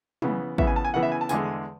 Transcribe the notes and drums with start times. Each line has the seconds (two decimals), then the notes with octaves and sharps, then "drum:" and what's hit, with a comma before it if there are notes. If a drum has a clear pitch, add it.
0.22 C#3 E3 B3, drum: tom
0.58 C#3 E3 B3 E5, drum: kick
0.67 G#5
0.76 A5
0.85 G#5
0.94 C#3 E3 B3 F#5
1.03 E5
1.12 G#5
1.21 A5
1.29 E2 D3 G#3 G#5, drum: tambourine